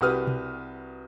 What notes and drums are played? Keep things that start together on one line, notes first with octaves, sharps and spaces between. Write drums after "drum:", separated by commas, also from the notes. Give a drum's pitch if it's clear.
C2 F#4 G4 B4 D#6 F6
drum: tom B2